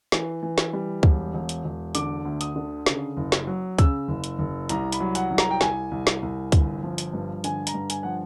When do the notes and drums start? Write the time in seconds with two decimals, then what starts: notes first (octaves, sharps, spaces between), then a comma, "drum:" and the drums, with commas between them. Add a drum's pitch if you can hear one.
0.12 E3, drum: snare
0.43 E3
0.58 drum: snare
0.73 G3
1.03 E1, drum: kick C#2
1.34 E1
1.49 drum: hi-hat
1.64 E1
1.95 D3 D6, drum: hi-hat
2.25 D2
2.41 D#6, drum: hi-hat
2.56 D3
2.86 C#3, drum: snare
3.17 F#1
3.32 drum: snare
3.47 F#3
3.79 C#3 E6, drum: kick C#2, hi-hat
4.08 F#1
4.24 drum: hi-hat
4.39 F#1
4.69 C2 A#5, drum: hi-hat
4.92 B5, drum: hi-hat
5.00 F#3
5.15 F#5, drum: hi-hat
5.30 C2
5.38 A#5, drum: snare
5.51 G5
5.61 C2 G#5, drum: snare
5.91 C2
6.07 drum: snare
6.23 C2
6.52 G1, drum: kick C#2, hi-hat
6.83 F3
6.98 drum: hi-hat
7.13 G2
7.44 D3 G#5, drum: hi-hat
7.67 A#5, drum: hi-hat
7.74 G2
7.90 G#5, drum: hi-hat
8.03 F3 F#5